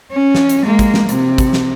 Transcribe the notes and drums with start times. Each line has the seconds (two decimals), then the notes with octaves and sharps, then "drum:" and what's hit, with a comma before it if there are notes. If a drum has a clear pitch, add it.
0.12 C#4
0.35 drum: snare
0.49 drum: hi-hat
0.64 G#3 A#3
0.79 drum: kick, hi-hat
0.94 drum: snare
1.09 C3, drum: hi-hat
1.38 drum: kick, hi-hat
1.53 drum: snare